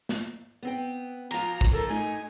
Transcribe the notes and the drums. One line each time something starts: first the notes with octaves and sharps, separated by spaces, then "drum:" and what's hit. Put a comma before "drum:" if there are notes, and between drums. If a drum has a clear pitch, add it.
drum: snare
B3 C4 G5
F3 F4 A#5, drum: cymbal
drum: kick
C#3 F3 A4 A#4
A3 D#4 G#5